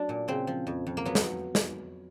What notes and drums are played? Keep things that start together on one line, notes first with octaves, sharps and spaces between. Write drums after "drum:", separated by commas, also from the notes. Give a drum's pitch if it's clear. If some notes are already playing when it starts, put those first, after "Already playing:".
Already playing: F#3 A3 D4
A#2
C#3 C4
F3
F2
F2
A#3
F#3 B3
drum: snare
drum: snare